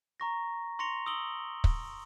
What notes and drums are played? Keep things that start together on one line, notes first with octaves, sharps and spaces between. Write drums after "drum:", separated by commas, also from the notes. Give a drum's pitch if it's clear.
A#5 C#6 A#6
C6 C#6 A#6 C#7 F7 G7
D#6 E6 D7 F#7 G7
drum: kick